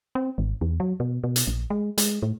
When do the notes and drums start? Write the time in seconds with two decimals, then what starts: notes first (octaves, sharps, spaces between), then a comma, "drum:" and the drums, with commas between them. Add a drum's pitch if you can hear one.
0.15 C4
0.38 G#1
0.61 E2
0.80 F#3
1.00 B2
1.24 B2
1.36 drum: hi-hat
1.47 A#1
1.70 G#3
1.98 G#3, drum: hi-hat
2.22 A2